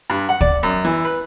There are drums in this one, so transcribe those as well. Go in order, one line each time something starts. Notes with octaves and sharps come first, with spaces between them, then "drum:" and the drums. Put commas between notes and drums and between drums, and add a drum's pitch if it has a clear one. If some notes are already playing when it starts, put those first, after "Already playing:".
G2
F#5
D5, drum: kick
F#2
E3
B4